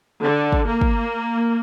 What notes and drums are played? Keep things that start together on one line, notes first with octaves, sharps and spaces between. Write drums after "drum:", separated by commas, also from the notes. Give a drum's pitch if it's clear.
D3
drum: kick
A#3
drum: kick